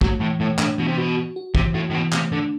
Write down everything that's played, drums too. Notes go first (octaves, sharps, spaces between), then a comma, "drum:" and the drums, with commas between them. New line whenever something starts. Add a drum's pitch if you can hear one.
F#3 A3, drum: kick
A2 E3
A2 A3
A2 D4, drum: clap
B2 E3
C3
B2 F#4
F#4
F#4
C3 E3, drum: kick
A2 F#4
A2
B2 E3
C3 A3, drum: clap
D3 D4